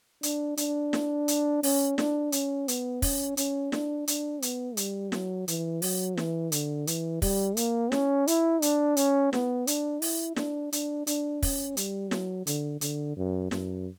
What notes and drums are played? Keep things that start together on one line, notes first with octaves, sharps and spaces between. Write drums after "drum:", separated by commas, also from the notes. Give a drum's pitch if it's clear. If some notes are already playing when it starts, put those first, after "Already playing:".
D4, drum: hi-hat
D4, drum: hi-hat
drum: snare
drum: hi-hat
C#4, drum: open hi-hat
D4, drum: snare
C#4, drum: hi-hat
B3, drum: hi-hat
C#4, drum: kick, open hi-hat
C#4, drum: hi-hat
D4, drum: snare
D4, drum: hi-hat
B3, drum: hi-hat
G3, drum: hi-hat
F#3, drum: snare
E3, drum: hi-hat
F#3, drum: open hi-hat
E3, drum: snare
D3, drum: hi-hat
E3, drum: hi-hat
G3, drum: kick, open hi-hat
A#3, drum: hi-hat
C#4, drum: snare
E4, drum: hi-hat
D4, drum: hi-hat
C#4, drum: hi-hat
B3, drum: snare
D4, drum: hi-hat
E4, drum: open hi-hat
D4, drum: snare
D4, drum: hi-hat
D4, drum: hi-hat
C#4, drum: kick, open hi-hat
G3, drum: hi-hat
F#3, drum: snare
D3, drum: hi-hat
D3, drum: hi-hat
F#2
F#2, drum: snare